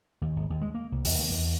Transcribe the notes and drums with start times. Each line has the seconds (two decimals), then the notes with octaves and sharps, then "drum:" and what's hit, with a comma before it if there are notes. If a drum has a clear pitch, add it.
0.21 D#2
0.36 G#1
0.50 D#2
0.61 G#3
0.75 A#3
0.92 C2
1.05 E2, drum: open hi-hat
1.19 D#2
1.30 E2